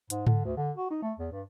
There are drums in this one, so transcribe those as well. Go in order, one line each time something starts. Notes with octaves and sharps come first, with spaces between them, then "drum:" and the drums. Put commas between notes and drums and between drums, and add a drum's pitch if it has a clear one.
G#2, drum: hi-hat
D3, drum: tom G#2
D2
D3
F#4
D#4
A3
E2
G2